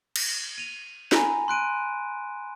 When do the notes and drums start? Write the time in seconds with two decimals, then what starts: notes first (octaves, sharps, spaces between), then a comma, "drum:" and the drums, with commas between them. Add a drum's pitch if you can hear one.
0.16 drum: cymbal
0.58 D#7 F7
1.12 G#5 A#5 B5 A#6, drum: snare
1.48 C6 F#6 D7 D#7